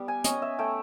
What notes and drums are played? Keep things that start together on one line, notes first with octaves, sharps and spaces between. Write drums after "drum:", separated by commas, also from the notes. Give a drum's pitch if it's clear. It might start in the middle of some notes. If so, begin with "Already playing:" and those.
Already playing: G3 B3
G#5
C#4 D#5, drum: hi-hat
E5
A3 G5